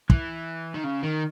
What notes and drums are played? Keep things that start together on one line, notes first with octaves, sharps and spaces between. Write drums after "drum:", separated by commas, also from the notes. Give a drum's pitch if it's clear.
E3, drum: kick
D#3
C#3
D#3